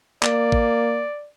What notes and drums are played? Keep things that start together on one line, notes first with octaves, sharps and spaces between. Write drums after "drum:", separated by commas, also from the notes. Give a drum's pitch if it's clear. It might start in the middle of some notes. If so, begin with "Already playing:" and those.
A#3 D5, drum: clap
drum: kick A1